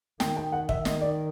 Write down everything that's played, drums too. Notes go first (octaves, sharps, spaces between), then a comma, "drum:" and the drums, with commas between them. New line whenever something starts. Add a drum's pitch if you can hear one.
D#3 G5, drum: snare
G5
F#5
D#3 E5, drum: kick
D#5, drum: snare
D5